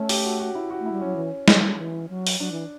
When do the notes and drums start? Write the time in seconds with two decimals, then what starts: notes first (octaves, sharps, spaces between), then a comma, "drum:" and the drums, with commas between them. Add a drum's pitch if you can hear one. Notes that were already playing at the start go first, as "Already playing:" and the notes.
Already playing: A3 C#4
0.09 G4, drum: open hi-hat
0.25 F#4
0.40 F#4
0.55 E4
0.71 F#4
0.80 A3
0.86 E4
0.92 G3
1.01 F#3 C#4
1.16 E3
1.48 F#3, drum: snare
1.63 G3
1.78 E3
2.09 F#3
2.27 drum: open hi-hat
2.40 F#3 D4
2.52 E3